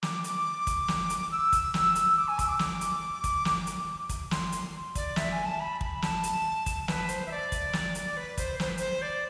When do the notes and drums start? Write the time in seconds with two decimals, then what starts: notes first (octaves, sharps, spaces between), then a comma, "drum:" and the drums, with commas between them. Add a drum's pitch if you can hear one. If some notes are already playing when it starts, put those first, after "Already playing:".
0.03 D6, drum: snare
0.24 D6, drum: hi-hat
0.67 drum: kick, hi-hat
0.88 drum: snare
1.10 drum: hi-hat
1.31 E6
1.53 drum: kick, hi-hat
1.74 drum: snare
1.95 drum: hi-hat
2.17 D6
2.27 G#5
2.39 E6, drum: kick, hi-hat
2.48 D6
2.59 D6, drum: snare
2.81 drum: hi-hat
3.24 drum: kick, hi-hat
3.45 drum: snare
3.67 drum: hi-hat
4.09 drum: kick, hi-hat
4.31 C6, drum: snare
4.52 drum: hi-hat
4.95 D5, drum: kick, hi-hat
5.16 E5, drum: snare
5.31 G#5
5.45 A5
5.60 B5
5.81 B5, drum: kick
6.02 A5, drum: snare
6.23 drum: hi-hat
6.66 drum: kick, hi-hat
6.88 B4, drum: snare
7.09 C5, drum: hi-hat
7.26 E5
7.31 D5
7.52 drum: kick, hi-hat
7.73 drum: snare
7.95 drum: hi-hat
8.17 B4
8.38 C5, drum: kick, hi-hat
8.60 C5, drum: snare
8.68 B4
8.78 C5, drum: hi-hat
9.02 D5